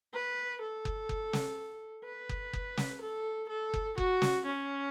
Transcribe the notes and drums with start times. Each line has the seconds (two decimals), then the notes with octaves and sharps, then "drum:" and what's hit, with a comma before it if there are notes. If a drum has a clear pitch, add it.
0.14 B4
0.61 A4
0.85 drum: kick F#1
1.09 drum: kick F#1
1.33 drum: snare
2.05 B4
2.29 drum: kick F#1
2.53 drum: kick F#1
2.77 drum: snare
3.01 A4
3.49 A4
3.74 drum: kick F#1
3.98 F#4, drum: kick F#1
4.22 drum: snare
4.46 C#4